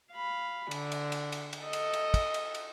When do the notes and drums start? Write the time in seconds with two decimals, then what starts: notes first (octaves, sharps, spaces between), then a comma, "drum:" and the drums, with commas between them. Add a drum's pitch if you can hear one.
0.13 F5 B5
0.71 D3, drum: cymbal
0.92 drum: cymbal
1.12 drum: cymbal
1.32 drum: cymbal
1.53 drum: cymbal
1.63 A4 D#5
1.73 drum: cymbal
1.93 drum: cymbal
2.14 drum: kick, cymbal
2.34 drum: cymbal
2.55 drum: cymbal